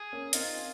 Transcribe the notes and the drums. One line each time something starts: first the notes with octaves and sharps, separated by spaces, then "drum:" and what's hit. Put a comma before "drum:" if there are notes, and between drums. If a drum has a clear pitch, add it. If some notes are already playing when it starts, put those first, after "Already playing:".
Already playing: G#4
A#3 C#4
C4 D#4 F4, drum: hi-hat